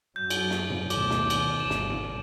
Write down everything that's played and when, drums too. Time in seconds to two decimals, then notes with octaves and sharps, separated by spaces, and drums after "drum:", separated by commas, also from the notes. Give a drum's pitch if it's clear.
0.16 F#2 F#3 G6
0.30 drum: cymbal
0.50 drum: snare
0.70 drum: tom G#2
0.90 D2 B2 D#3 D6, drum: cymbal
1.10 drum: snare
1.30 drum: cymbal
1.60 G1 D3 E7
1.70 drum: snare
1.90 drum: tom G#2